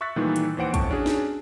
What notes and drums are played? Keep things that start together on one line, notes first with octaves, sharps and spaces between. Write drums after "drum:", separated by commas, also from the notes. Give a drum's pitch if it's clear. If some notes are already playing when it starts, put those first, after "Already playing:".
E5 C#6 E6 F#6 A6 B6
A#2 D#3 E3 G3 A3
drum: hi-hat
D#2 E3 C5 F#5 D7
F2 A2 A5 C#6, drum: kick, hi-hat
C#4 D4 F#4 G#4
drum: snare